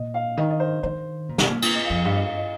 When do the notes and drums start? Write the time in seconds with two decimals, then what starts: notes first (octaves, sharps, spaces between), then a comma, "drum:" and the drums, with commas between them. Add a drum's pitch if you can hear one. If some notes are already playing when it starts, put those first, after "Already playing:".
Already playing: A#2 D#5
0.14 F5
0.37 D#3 D#5
0.50 D#5
0.60 C5
0.83 D#3 C5
1.29 A#2
1.38 C3, drum: snare
1.49 A#2
1.62 drum: cymbal
1.75 D#5
1.85 F2 F5
1.95 D#5
2.05 G2 F5
2.15 D#5
2.25 F5
2.36 D#5